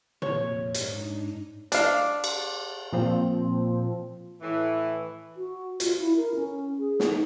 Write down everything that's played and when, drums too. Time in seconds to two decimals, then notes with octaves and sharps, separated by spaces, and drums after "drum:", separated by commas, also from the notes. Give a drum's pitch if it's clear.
0.22 F2 A#2 C#5, drum: tom
0.74 G#2 D4 D#4, drum: hi-hat
1.72 D4 F5, drum: hi-hat
2.24 drum: cymbal
2.93 A#2 F3 C4
4.42 A2 E3
5.37 F#4
5.80 F4, drum: hi-hat
6.00 E4
6.16 A#4
6.35 C#4
6.79 G#4
7.00 drum: snare
7.10 D#4